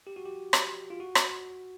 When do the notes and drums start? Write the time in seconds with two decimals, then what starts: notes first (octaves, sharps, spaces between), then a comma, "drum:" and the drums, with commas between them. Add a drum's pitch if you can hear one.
0.07 G4
0.16 F#4
0.26 G4
0.53 drum: rim click
0.90 F4
1.00 F#4
1.15 drum: rim click